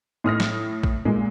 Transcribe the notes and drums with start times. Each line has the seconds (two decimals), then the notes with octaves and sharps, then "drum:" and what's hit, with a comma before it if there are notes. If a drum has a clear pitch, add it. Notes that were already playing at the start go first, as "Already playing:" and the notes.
0.24 A2 D#6 F6 A#6
0.40 drum: snare
0.83 drum: kick A1
1.05 A#2 G#3